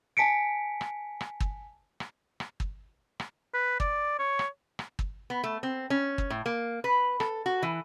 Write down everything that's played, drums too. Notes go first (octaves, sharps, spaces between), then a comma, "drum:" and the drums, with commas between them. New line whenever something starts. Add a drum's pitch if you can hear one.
G#5 A5 B6 C#7 D7
drum: rim click
drum: rim click
drum: kick
drum: rim click
drum: rim click
drum: kick
drum: rim click
B4
D5, drum: kick
C#5
drum: rim click
drum: rim click
drum: kick
B3
A3
C4
C#4
drum: kick
A2
A#3
B4
A4, drum: rim click
F#4
E3